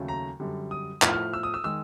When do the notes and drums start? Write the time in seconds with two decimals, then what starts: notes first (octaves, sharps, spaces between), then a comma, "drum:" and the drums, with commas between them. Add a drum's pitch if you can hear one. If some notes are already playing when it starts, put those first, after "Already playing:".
Already playing: D#2 C#3 F#3 A3
0.08 A#5
0.40 F#2 D3 G3
0.71 D#6
1.02 A2 F3 A3 F6, drum: clap
1.13 F6
1.34 E6
1.43 D#6
1.54 E6
1.64 D#3 G#3 E6